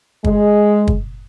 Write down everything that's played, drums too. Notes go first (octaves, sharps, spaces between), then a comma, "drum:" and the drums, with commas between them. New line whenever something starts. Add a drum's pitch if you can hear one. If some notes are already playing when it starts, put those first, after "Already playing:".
G#3, drum: kick
drum: kick